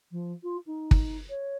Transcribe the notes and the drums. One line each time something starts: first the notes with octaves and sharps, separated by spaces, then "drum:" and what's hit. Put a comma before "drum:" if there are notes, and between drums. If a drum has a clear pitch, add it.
F3
F4
D#4
drum: kick
C#5